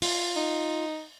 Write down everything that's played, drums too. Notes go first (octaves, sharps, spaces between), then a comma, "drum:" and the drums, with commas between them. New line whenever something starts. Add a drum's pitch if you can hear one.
F4, drum: open hi-hat
D#4